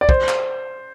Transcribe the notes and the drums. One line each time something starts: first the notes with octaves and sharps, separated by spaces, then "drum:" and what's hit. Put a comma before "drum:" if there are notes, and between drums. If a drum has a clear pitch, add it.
D5
C5, drum: kick
drum: clap